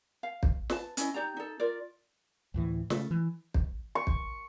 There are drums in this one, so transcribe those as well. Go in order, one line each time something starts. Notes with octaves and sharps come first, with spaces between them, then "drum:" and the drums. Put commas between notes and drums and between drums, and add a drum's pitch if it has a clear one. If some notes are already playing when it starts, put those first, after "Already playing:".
F5
drum: kick
B4 A5, drum: snare
C#4 E4 D#5, drum: hi-hat
D#4 G4 D5 A#5
D#4 A4
F4 A#4 D5
D2 A2 E3
C#3 A3, drum: snare
E3
drum: kick
C#6
drum: kick